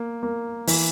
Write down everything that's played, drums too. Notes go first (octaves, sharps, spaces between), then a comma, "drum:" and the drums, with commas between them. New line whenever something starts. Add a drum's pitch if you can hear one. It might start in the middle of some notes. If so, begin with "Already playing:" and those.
Already playing: A#3
A#3
E3, drum: open hi-hat